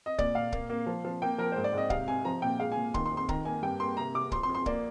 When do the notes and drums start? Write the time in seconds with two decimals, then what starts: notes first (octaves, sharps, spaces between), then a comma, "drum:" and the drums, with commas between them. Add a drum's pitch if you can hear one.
0.06 D#5
0.19 A#2 D5, drum: kick
0.35 A#2 F5
0.52 A#3, drum: kick
0.70 A#3
0.87 F3
1.05 F3
1.22 A#3 G5
1.38 F3 A#4
1.52 G#2 C5
1.64 D5
1.73 G#2 D#5
1.90 C3 F5, drum: kick
2.07 C3 G#5
2.25 F3 A#5
2.42 A#2 G5
2.60 G#3 F5
2.72 G#5
2.77 A#2
2.94 D#3 C6, drum: kick
3.06 C6
3.11 F2
3.17 C6
3.29 D#3 A#5, drum: kick
3.45 A#3 G#5
3.62 G2 G5
3.80 A#3 C6
3.97 C3 A#5
4.14 C3 D6
4.32 F2 C6, drum: kick
4.43 C6
4.49 F2
4.55 C6
4.66 A#3 D5, drum: kick